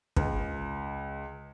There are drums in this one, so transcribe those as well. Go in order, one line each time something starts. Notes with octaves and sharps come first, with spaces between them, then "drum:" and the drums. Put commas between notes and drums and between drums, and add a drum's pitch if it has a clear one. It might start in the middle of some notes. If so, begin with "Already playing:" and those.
C#2, drum: kick